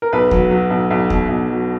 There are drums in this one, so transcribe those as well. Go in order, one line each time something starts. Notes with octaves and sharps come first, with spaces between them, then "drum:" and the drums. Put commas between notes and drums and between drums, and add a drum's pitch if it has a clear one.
A#4
B1 B4
F#3, drum: kick D#2
F#3
B1
B1
B2, drum: kick D#2
B1
F#3